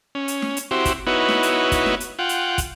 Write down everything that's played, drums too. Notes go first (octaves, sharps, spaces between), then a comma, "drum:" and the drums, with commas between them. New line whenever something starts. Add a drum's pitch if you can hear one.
C#4
drum: hi-hat
drum: snare
drum: hi-hat
C4 E4 F#4 G4 C5
drum: kick, hi-hat
B3 D#4 E4 F#4 B4 C#5
drum: snare
drum: hi-hat
drum: kick, hi-hat
drum: snare
drum: hi-hat
F4 F#5 G5
drum: hi-hat
drum: kick, hi-hat